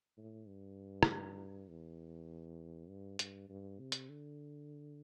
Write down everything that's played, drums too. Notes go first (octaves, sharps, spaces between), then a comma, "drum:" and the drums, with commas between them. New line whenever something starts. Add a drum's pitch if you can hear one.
A2
G2
drum: rim click
E2
G2
G2, drum: hi-hat
G2
C3
drum: hi-hat
D3